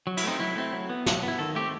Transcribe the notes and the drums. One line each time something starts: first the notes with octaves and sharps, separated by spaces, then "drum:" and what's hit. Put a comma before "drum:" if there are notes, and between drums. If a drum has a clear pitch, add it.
F#3
E4, drum: cymbal
A3 C4 D#4
F#3 E4
A3 C4
F#3
B3
F#3, drum: snare
B3 E4
D#3 A4
A3 C4 G4